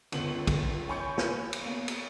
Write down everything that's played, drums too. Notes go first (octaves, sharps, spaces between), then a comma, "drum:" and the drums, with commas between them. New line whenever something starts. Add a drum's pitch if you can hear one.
G1 C#2 B3 F#7, drum: cymbal
drum: kick, cymbal
C#5 G#5 B5 C#6 G6 C#7
drum: snare
drum: cymbal
A#3 B3
drum: cymbal